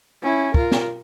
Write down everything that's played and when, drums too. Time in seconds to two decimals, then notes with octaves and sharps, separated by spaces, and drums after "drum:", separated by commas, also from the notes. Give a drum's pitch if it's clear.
0.23 C#4 E4
0.54 F4 A#4, drum: kick
0.72 drum: snare